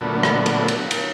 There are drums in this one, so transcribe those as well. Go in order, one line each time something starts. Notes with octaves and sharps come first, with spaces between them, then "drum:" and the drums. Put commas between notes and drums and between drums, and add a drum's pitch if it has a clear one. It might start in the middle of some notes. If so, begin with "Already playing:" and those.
A#2 D3 F#3 A3 B3
drum: rim click
drum: cymbal
drum: cymbal
drum: cymbal